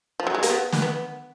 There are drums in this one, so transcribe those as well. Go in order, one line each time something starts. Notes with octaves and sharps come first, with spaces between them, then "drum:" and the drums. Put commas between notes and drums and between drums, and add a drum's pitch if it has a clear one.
F3
F#3
G#3
A#3, drum: hi-hat
B3
drum: snare
B3